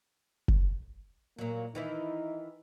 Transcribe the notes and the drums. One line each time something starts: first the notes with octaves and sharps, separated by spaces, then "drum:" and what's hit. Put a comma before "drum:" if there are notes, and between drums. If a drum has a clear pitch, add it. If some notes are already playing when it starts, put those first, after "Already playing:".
drum: kick F#1
A#2 F#3 A#3
D#3 E3 D#4 E4